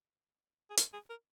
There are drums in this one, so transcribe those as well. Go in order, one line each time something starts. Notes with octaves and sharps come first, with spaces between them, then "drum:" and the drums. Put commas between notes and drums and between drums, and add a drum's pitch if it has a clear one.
G#4
A#4, drum: hi-hat
G#4
A#4